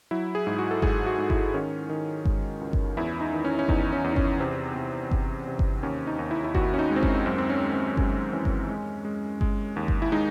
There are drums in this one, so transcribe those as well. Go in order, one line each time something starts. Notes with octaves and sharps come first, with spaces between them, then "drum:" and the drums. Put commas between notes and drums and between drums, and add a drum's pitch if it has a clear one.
F#3 E4
G#4
G#2
F#4
A4
G#2 G#4, drum: kick G1
F#4
G#2
E4, drum: kick G1
D#3 C#4
D#3
G#3, drum: kick G1
C#2
drum: kick G1
E2 E4
D#4
D#3
C#4
C#4
E2 D#4, drum: kick G1
C#4
E2
D#4
C#4, drum: kick G1
C3 C4
C3
C3, drum: kick G1
C3
drum: kick G1
D#2 C#4
D#4
D#2
E4
E4
D#2 F#4, drum: kick G1
C#4
D#4
G#3
C4
C#4, drum: kick G1
F#2 C4
C4
C#4
G#3
C4
G#3 C#4, drum: kick G1
E3 C#4
drum: kick G1
G#3
G#3
G#3, drum: kick G1
D#2
drum: kick G1
E4
G#3 D#4